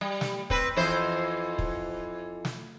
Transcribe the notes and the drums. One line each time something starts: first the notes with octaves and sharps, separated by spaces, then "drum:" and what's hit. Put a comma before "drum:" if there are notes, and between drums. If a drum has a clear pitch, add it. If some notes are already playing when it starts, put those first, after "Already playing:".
G3
drum: snare
C4 B4, drum: kick
F2 E3 C5
drum: kick
drum: snare